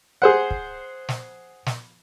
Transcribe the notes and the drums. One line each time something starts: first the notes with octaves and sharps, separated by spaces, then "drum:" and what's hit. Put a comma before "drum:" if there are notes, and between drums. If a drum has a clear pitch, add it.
G#4 C5 F#5
drum: kick
drum: snare
drum: snare